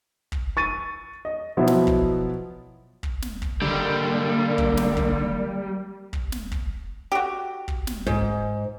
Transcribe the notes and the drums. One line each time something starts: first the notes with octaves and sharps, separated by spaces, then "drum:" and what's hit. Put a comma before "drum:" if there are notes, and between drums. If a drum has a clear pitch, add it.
drum: kick
C#6 A6 D#7
D#5
B2 F3 F#3 B3 E4
drum: snare
drum: kick
drum: kick
drum: snare
drum: kick
D3 D#3 G3 A#3
drum: kick
drum: snare
drum: kick
drum: kick
drum: snare
drum: kick
F#4 G4
drum: kick
drum: snare
G#2, drum: kick